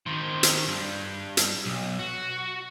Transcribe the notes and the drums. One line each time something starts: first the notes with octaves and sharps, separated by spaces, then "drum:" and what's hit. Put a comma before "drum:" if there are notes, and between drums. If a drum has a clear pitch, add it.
D#3 C5
drum: hi-hat
G2
drum: hi-hat
B1
F#4